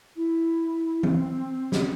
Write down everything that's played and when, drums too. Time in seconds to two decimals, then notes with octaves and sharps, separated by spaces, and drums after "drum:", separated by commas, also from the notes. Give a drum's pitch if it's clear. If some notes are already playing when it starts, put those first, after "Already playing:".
0.16 E4
1.03 C4, drum: tom E3
1.72 drum: snare